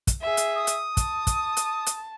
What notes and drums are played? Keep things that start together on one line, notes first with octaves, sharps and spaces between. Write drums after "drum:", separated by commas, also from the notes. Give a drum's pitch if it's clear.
drum: kick, hi-hat
G#4 E5
drum: hi-hat
D#6
drum: hi-hat
A5, drum: kick, hi-hat
drum: kick, hi-hat
drum: hi-hat
drum: hi-hat